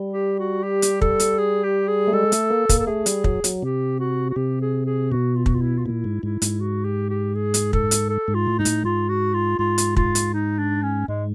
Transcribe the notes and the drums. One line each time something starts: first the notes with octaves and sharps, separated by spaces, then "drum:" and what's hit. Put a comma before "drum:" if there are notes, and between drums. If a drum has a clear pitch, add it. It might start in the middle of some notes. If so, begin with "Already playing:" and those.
Already playing: G3
G4
F#4
G4
drum: hi-hat
A4, drum: kick
drum: hi-hat
G#4
G4
G#4
A3
G#3 A4
A3, drum: hi-hat
A#3
A#3, drum: kick, hi-hat
A4
A3 G#4
G3, drum: hi-hat
F#3, drum: kick
F#3, drum: hi-hat
C3 G4
F#4
F#4
C3 G4
G#4
G#4
B2 F#4
F4
F#4, drum: kick
F4
E4
F4
A#2 E4
G#2
G#2 E4
G#2, drum: hi-hat
F#4
G4
G4
G#4
drum: hi-hat
A4, drum: kick
drum: hi-hat
A4
G#2
F4
A2
G#2 D#4
A2, drum: hi-hat
G#2 F4
F#4
F4
G#2 F4
drum: hi-hat
F4, drum: kick
drum: hi-hat
D#4
D4
C#4
G#2 G#3